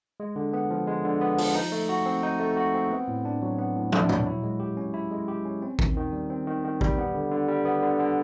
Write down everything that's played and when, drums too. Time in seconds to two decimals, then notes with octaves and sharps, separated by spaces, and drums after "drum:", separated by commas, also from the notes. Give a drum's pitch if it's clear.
0.20 G#3
0.36 D3
0.53 B3
0.71 F3
0.87 G#3
1.04 D3
1.21 B3
1.38 F3, drum: open hi-hat
1.55 D#4
1.72 A3
1.89 F#4
2.06 C4
2.23 D#4
2.40 A3
2.57 F#4
2.74 C4
2.91 B3
3.08 A2
3.25 D4
3.42 F#3
3.58 B3
3.76 A2
3.92 D4, drum: tom
4.09 F#3, drum: tom
4.26 E4
4.43 G#3
4.60 G4
4.77 C#4
4.94 E4
5.11 G#3
5.28 G4
5.45 C#4
5.62 C4
5.79 D#3, drum: kick A1
5.96 D#3
6.12 G3
6.30 C4
6.47 D#3
6.64 D#3
6.81 G3, drum: kick A1
6.98 B3
7.14 D3
7.32 D3
7.48 G3
7.65 B3
7.82 D3
7.99 D3